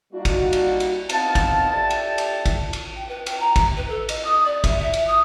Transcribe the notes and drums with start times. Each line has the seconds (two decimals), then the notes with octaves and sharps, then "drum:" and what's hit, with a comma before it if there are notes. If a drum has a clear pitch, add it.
0.13 G3 A#3 D4 D#4 F4 F#4
0.25 drum: kick, cymbal
0.53 drum: cymbal
0.80 drum: cymbal
1.09 B3 C4 D#4 F5 A5, drum: cymbal
1.35 drum: kick, cymbal
1.72 G4 A4 D5 E5 G5 A5
1.90 drum: cymbal
2.18 drum: cymbal
2.46 drum: kick, cymbal
2.73 drum: cymbal
2.95 G5
3.09 B4
3.26 G5, drum: cymbal
3.40 A#5
3.56 drum: kick, cymbal
3.77 B4
3.90 A4
4.09 D#5, drum: cymbal
4.25 D#6
4.45 D5
4.64 E5, drum: kick, cymbal
4.79 E5
4.94 drum: cymbal
5.07 D#6